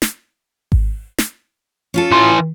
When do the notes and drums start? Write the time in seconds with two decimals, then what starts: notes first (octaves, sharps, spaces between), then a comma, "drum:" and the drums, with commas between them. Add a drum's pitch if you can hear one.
0.02 drum: snare
0.72 drum: kick G#1
1.18 drum: snare
1.94 C#4 F4 A4
2.12 E3 C6